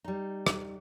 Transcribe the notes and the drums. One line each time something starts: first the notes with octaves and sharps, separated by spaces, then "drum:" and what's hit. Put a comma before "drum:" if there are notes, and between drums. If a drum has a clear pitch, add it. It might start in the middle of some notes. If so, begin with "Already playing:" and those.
G3 D#4
drum: rim click